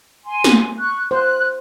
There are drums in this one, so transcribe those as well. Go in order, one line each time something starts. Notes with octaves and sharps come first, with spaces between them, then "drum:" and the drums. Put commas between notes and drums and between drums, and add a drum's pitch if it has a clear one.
G#5 C6
drum: snare
C#6 F#6
C5 F#6